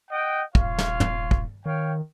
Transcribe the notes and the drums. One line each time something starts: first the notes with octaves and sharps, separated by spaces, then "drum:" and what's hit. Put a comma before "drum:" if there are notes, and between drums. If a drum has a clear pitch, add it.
D#5 F#5 G5
D#1 F4 C#5 F5, drum: kick
drum: snare
drum: tom
drum: kick
D#3 C#5 F5 G5